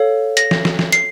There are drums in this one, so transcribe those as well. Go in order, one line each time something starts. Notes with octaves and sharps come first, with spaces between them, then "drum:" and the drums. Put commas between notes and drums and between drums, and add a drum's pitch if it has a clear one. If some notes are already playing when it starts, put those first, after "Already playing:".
Already playing: A4 C#5 F5
A#6, drum: hi-hat
drum: snare
drum: snare
drum: snare
C7, drum: hi-hat